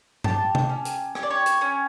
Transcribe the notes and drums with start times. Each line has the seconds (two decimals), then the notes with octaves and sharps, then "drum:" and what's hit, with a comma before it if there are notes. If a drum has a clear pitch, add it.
0.24 G4 A5, drum: tom G2
0.55 drum: tom C3
0.69 C#4
0.85 drum: hi-hat
1.15 G4 C#5, drum: rim click
1.23 D5
1.30 C#5
1.46 drum: hi-hat
1.61 C#4